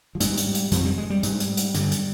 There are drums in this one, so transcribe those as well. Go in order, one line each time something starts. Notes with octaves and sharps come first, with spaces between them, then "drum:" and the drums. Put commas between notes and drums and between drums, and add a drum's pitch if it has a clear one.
F3
G#2 G3, drum: hi-hat
drum: hi-hat
drum: hi-hat
F2 C3 F3, drum: hi-hat
G3
G#3
G3
G#2, drum: hi-hat
drum: hi-hat
drum: hi-hat
G2 D3, drum: hi-hat
drum: hi-hat